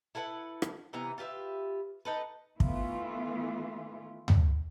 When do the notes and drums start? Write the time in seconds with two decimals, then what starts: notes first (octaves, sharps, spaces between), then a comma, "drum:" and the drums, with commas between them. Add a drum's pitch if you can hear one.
0.15 E4 A4 B4 F#5
0.62 drum: rim click
0.93 C3 E3 B3 A#5
1.18 F4 G4 B4 E5
2.05 D#4 A4 B4
2.60 D#3 E3 A3 B3 E4 F4, drum: kick
4.28 drum: tom